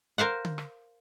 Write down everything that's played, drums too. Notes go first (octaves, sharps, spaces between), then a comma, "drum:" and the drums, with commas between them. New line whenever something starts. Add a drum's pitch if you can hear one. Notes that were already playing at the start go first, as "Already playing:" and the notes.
A#4 C5 F5 F#5
drum: tom D3
drum: rim click